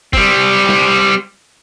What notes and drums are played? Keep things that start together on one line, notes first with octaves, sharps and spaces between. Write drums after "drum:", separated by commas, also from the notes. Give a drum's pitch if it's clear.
G3 C4, drum: kick
drum: snare